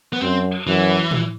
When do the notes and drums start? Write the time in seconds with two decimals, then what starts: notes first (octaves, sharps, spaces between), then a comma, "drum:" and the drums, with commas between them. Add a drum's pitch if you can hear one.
0.13 B3
0.22 F#2 C4
0.66 F#2 E3
1.11 drum: tom